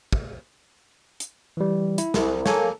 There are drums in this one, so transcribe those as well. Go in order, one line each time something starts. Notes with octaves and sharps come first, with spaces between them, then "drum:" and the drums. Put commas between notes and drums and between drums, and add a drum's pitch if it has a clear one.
drum: kick
drum: hi-hat
E3 G3
E4, drum: hi-hat
C2, drum: snare
A#3 A4 C#5 G#5, drum: snare